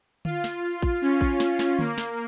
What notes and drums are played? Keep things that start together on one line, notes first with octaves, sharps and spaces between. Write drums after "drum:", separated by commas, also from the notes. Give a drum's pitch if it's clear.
F4, drum: tom D3
drum: snare
drum: kick A1
C#4
drum: kick A1
drum: snare
drum: snare
A#3, drum: tom D3
drum: snare